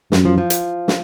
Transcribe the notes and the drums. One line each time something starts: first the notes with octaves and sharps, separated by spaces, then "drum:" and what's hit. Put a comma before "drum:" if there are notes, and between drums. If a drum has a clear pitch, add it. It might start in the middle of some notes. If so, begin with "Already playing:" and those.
F#2, drum: snare
F3
F3
drum: hi-hat
drum: snare